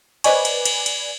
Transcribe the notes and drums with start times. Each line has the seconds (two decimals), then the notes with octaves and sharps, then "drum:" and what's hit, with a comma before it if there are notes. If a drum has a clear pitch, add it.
0.24 B4 C5 D5 D#5 G#5 C#6, drum: cymbal
0.45 drum: cymbal
0.65 drum: cymbal
0.86 drum: cymbal